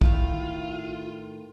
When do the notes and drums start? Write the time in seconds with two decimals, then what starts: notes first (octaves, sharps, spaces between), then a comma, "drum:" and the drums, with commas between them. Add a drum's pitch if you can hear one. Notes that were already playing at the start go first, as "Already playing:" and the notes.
0.01 A2 D#3 A3 E4 F4, drum: kick